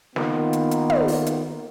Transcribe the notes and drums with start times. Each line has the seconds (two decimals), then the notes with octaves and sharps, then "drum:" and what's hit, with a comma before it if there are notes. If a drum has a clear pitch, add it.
0.16 D#3 A#3 B3 F4, drum: snare
0.53 drum: hi-hat
0.71 drum: hi-hat
0.90 drum: tom
1.08 drum: open hi-hat
1.26 drum: hi-hat